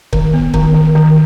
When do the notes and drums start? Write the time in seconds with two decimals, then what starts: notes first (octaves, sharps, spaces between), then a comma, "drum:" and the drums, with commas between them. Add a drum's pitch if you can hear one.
0.13 D#3, drum: kick
0.34 B3
0.54 D#3, drum: kick
0.75 D#3
0.95 D#3